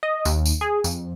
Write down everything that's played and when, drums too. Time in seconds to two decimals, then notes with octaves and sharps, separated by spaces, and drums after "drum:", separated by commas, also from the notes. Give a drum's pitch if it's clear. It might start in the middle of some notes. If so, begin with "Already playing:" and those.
0.03 D#5
0.25 D#2, drum: tambourine
0.46 drum: tambourine
0.61 G#4
0.84 F2, drum: tambourine